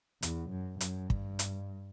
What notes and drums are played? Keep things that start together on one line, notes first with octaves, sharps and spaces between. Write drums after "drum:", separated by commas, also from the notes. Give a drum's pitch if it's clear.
E2, drum: hi-hat
F#2
F#2, drum: hi-hat
G2, drum: kick
drum: hi-hat